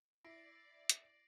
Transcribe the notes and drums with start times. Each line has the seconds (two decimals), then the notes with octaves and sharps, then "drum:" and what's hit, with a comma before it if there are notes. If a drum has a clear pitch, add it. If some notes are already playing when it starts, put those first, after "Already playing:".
0.25 E4 D5 A#6 C7 D7
0.89 drum: hi-hat